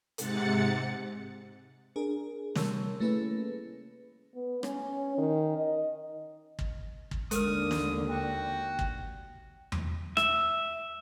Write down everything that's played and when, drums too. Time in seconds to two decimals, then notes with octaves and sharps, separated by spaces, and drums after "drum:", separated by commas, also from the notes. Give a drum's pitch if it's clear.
0.18 G#2 C3 F#5 A6 C#7, drum: hi-hat
1.96 D4 G#4 A#4
2.55 C3 G3 A#4 C#5 A5 E6, drum: snare
3.00 A3 A#3 C#4 E4 G#4 B4
4.34 B3
4.63 C#4, drum: rim click
5.18 D#3
5.58 D#5
6.59 drum: kick
7.11 drum: kick
7.31 D#2 D3 G#3 A#4 D#6 F6, drum: hi-hat
7.71 drum: snare
8.10 F#4 G5
8.79 drum: kick
9.72 drum: tom E2
10.17 E5, drum: rim click